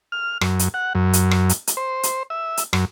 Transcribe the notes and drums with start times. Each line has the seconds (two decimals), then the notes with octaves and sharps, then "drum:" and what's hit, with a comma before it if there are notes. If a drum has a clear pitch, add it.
0.12 F6
0.41 F#2, drum: rim click
0.59 drum: hi-hat
0.74 F#5
0.95 F#2
1.13 drum: hi-hat
1.31 drum: rim click
1.49 drum: hi-hat
1.67 drum: hi-hat
1.77 C5
2.03 drum: hi-hat
2.30 E5
2.57 drum: hi-hat
2.73 F#2, drum: rim click